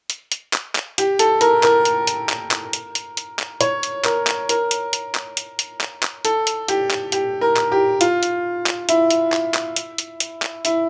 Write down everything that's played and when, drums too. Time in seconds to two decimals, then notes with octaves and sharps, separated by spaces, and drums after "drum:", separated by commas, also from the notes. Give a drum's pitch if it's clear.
0.10 drum: hi-hat
0.32 drum: hi-hat
0.54 drum: clap
0.76 drum: clap
0.98 G4, drum: hi-hat
1.19 A4, drum: hi-hat
1.41 A#4, drum: hi-hat
1.63 A#4, drum: clap
1.85 drum: hi-hat
2.07 drum: hi-hat
2.29 drum: clap
2.51 drum: clap
2.73 drum: hi-hat
2.95 drum: hi-hat
3.17 drum: hi-hat
3.39 drum: clap
3.61 C#5, drum: hi-hat
3.83 drum: hi-hat
4.05 A#4, drum: clap
4.27 drum: clap
4.49 A#4, drum: hi-hat
4.71 drum: hi-hat
4.93 drum: hi-hat
5.15 drum: clap
5.37 drum: hi-hat
5.59 drum: hi-hat
5.81 drum: clap
6.03 drum: clap
6.25 A4, drum: hi-hat
6.47 drum: hi-hat
6.68 G4, drum: hi-hat
6.91 drum: clap
7.12 G4, drum: hi-hat
7.41 A#4
7.57 drum: clap
7.72 G4
8.01 F4, drum: hi-hat
8.23 drum: hi-hat
8.67 drum: clap
8.89 E4, drum: hi-hat
9.10 drum: hi-hat
9.32 drum: clap
9.54 drum: clap
9.76 drum: hi-hat
9.98 drum: hi-hat
10.20 drum: hi-hat
10.42 drum: clap
10.65 E4, drum: hi-hat